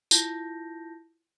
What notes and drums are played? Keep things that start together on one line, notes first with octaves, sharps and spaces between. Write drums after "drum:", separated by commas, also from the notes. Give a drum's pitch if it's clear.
E4 F4 A5 G6 A#6, drum: tambourine